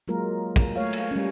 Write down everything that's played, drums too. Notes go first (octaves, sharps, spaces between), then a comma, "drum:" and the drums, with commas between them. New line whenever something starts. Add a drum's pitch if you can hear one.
F#3 G#3 A#3 F4 A#4
drum: kick, cymbal
A3 C#5 F5
drum: cymbal
G3 C#4